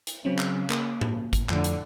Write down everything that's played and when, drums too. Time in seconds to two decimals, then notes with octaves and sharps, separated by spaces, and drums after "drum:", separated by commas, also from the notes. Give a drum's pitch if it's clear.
0.07 drum: hi-hat
0.25 C#3 F#3 C4 C#4
0.39 drum: clap
0.70 A#3, drum: clap
1.01 drum: tom A2
1.33 drum: kick, hi-hat
1.49 F2 A2 D3 F3, drum: clap
1.64 drum: hi-hat